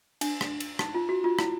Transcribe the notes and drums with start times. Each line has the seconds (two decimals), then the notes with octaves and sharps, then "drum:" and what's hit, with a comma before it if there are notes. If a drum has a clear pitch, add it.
0.21 D4, drum: cymbal
0.41 drum: rim click
0.60 drum: cymbal
0.79 D#4, drum: rim click
0.95 F4
1.09 F#4
1.24 F4
1.39 E4, drum: rim click